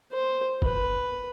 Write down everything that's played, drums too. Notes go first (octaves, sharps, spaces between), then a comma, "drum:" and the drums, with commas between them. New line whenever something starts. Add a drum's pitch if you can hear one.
C5
B4, drum: kick